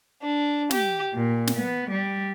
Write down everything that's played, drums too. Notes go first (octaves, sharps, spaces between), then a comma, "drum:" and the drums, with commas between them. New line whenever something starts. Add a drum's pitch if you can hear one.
D4
G4, drum: snare
A#2
drum: snare
B3
G3